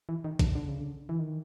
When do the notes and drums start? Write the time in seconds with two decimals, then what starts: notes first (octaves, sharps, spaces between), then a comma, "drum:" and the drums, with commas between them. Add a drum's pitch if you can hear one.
0.09 E3
0.24 D#3
0.39 D3, drum: kick, hi-hat
0.55 D3
0.68 C#3
0.80 D3
1.09 E3
1.19 D#3